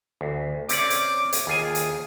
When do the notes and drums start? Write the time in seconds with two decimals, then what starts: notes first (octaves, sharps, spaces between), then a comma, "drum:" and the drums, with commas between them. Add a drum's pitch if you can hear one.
0.21 D2
0.69 C4 C#4 D5 D6, drum: hi-hat
0.90 drum: hi-hat
1.33 drum: hi-hat
1.47 D#2 F4 G#4 G#5
1.75 drum: hi-hat